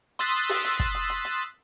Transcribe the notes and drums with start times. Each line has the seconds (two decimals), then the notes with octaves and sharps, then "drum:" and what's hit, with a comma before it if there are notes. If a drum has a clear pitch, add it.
0.19 C6 D#6 E6 F#6 A6 B6, drum: hi-hat
0.49 drum: open hi-hat
0.64 drum: hi-hat
0.80 drum: kick, hi-hat
0.95 drum: hi-hat
1.10 drum: hi-hat
1.25 drum: hi-hat